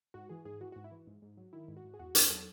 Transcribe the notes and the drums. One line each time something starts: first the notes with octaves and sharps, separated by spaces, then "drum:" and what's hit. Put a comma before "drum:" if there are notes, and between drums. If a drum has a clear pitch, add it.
G#2 F#4
E3 G#4
G#2 G#4
E3 F#4
G#2 F#4
E4
E3
G#2
G#2
F#3
D#3 E4
G#2
F#4
G#2
G#4
E2 F#4
E2 G#4, drum: hi-hat
F#3 A4